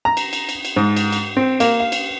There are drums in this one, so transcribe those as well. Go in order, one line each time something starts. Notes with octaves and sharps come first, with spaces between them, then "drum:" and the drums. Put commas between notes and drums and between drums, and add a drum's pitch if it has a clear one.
A#5
drum: cymbal
drum: cymbal
drum: cymbal
drum: cymbal
G#2
drum: cymbal
drum: cymbal
C4
A#3, drum: cymbal
F5
drum: cymbal